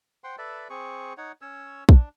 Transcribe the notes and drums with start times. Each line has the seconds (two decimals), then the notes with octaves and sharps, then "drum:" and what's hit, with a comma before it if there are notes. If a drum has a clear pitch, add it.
0.24 C5 F#5 G5 C6
0.38 A4 B4 D5 E5
0.70 C4 G#4 C#6
1.18 D#4 C#5 F#5
1.42 C#4 C#5 E6
1.89 D4, drum: kick